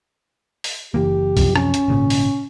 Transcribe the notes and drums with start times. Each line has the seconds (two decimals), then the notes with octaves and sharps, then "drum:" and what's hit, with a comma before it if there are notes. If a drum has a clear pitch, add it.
0.64 drum: open hi-hat
0.94 F#1 E3 A#3 G4
1.37 F#2 C3 F3, drum: kick, open hi-hat
1.56 C#4, drum: rim click
1.74 drum: hi-hat
1.88 G#1 A#2 C#3
2.10 drum: open hi-hat